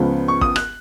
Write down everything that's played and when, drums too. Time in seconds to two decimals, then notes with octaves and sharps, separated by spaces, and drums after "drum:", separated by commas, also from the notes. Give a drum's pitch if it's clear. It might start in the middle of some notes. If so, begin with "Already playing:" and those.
Already playing: C#2 C#3 F3 B3
0.28 C#6
0.41 D#6, drum: kick
0.56 F#6, drum: rim click